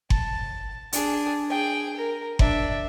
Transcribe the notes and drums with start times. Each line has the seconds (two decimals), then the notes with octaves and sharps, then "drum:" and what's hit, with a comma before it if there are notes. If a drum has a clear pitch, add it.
0.10 A5, drum: kick F#1
0.93 D4 G#4, drum: hi-hat
1.50 G#4 G5
1.96 A#4
2.39 D4 E5, drum: kick F#1